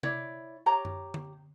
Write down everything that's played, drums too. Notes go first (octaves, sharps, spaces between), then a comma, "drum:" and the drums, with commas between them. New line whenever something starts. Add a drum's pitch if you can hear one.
E4 C#5 D5, drum: tom C3
G4 C#5 A#5
drum: tom F#2
drum: tom D3